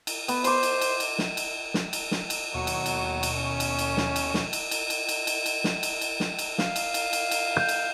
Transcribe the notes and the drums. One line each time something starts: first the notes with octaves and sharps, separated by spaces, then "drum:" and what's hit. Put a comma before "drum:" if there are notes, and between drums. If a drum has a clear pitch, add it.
drum: cymbal
B3, drum: cymbal
C5 C6 D6, drum: cymbal
drum: cymbal
drum: cymbal
drum: cymbal
drum: snare
drum: cymbal
drum: snare
drum: cymbal
drum: snare
drum: cymbal
D#2 B2 F#3 C#6
drum: cymbal
drum: cymbal
drum: cymbal
C#4
drum: cymbal
drum: cymbal
drum: snare
drum: cymbal
drum: snare
drum: cymbal
drum: cymbal
drum: cymbal
drum: cymbal
drum: cymbal
drum: cymbal
drum: snare
drum: cymbal
drum: cymbal
drum: snare
drum: cymbal
F5, drum: snare
drum: cymbal
drum: cymbal
drum: cymbal
drum: cymbal
G6
drum: cymbal